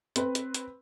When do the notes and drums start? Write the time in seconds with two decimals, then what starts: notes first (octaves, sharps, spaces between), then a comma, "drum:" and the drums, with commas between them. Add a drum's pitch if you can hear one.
0.16 C4 B4, drum: hi-hat
0.35 drum: hi-hat
0.54 drum: hi-hat